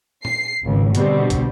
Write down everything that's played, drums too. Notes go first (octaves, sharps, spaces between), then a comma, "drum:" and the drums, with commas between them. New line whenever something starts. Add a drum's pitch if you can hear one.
C7, drum: tom A#2
G#1 C#2
B2 D3 G3 C4, drum: hi-hat
drum: kick, hi-hat